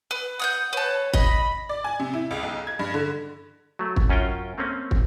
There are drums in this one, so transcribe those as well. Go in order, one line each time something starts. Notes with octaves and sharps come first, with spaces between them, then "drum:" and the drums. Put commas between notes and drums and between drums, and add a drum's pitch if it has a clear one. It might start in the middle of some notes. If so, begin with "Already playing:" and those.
B4
F#5 D#6 F#6 G6
B4 C#5 A5
D#5 B5, drum: kick
D5
G#5
C3
E4
C#2
B1
G#6
G2
D3
F#3 A3
drum: kick
F#2 C#4 F4 F#4 G5
A3 A#3 C4 C#4
drum: kick